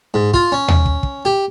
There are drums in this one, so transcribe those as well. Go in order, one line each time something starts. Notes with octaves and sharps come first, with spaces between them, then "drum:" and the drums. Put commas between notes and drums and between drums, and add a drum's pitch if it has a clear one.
G#2
F4, drum: kick
C#4
drum: tom D#2
drum: kick
drum: kick
G4